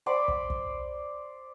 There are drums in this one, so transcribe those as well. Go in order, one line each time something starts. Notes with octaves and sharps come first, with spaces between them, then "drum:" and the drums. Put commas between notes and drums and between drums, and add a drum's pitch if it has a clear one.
C5 D5 B5 D6
drum: kick
drum: kick